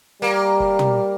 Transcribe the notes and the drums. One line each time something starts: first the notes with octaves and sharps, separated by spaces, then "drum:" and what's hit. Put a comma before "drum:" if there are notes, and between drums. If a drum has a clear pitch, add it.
G3 A#3
drum: kick
drum: tom